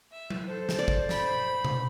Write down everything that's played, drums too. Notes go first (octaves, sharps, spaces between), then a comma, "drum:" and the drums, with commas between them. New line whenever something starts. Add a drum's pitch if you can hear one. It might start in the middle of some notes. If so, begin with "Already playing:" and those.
E5
drum: tom F#3
A4 C5
drum: snare
D5
drum: kick
B5, drum: snare
drum: tom B2